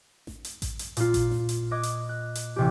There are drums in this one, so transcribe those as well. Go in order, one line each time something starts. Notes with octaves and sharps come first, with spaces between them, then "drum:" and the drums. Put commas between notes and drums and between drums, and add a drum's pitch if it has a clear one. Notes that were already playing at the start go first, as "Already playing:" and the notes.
drum: snare A1
drum: hi-hat
drum: kick A1, hi-hat
drum: hi-hat
A#2 F4, drum: hi-hat
drum: kick A1, hi-hat
drum: snare A1
drum: hi-hat
D#5 D6 F#6 G#6
drum: hi-hat
F#6
drum: hi-hat
A1 C3 G4